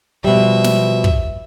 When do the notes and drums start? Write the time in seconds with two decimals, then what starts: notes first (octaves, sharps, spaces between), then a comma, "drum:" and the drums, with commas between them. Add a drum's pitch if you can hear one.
0.24 B2 F3 G3 E5
0.64 drum: snare
1.04 drum: kick